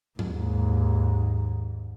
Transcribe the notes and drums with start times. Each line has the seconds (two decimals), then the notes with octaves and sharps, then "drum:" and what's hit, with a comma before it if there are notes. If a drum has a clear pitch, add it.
0.19 D#2 G#2, drum: tom G#2